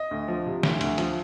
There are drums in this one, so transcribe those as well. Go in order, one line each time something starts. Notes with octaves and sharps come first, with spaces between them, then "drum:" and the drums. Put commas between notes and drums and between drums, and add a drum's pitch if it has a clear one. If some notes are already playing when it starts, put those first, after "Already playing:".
Already playing: D#5
D2
F3
C3
D2, drum: snare
D2, drum: hi-hat
F3, drum: hi-hat